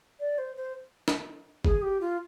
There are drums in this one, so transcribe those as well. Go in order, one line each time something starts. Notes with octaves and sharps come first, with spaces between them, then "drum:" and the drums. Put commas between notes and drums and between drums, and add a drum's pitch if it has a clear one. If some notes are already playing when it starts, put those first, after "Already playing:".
D5
C5
C5
drum: snare
G#4, drum: kick F#1
G4
F4